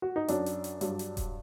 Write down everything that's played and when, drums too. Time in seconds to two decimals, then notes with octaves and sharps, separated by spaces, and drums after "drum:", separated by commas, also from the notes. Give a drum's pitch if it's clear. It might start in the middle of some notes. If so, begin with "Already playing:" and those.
0.02 F#4
0.16 D#4
0.28 F#2 F#3 D4, drum: hi-hat
0.46 drum: hi-hat
0.64 drum: hi-hat
0.81 G2 F#3, drum: hi-hat
0.99 drum: hi-hat
1.17 drum: kick D#1, hi-hat